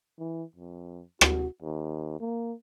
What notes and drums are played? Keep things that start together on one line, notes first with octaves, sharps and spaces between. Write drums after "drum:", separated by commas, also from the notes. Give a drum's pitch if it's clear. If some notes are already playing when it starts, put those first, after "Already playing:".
E3
F2
F#4, drum: rim click
D#2
A#3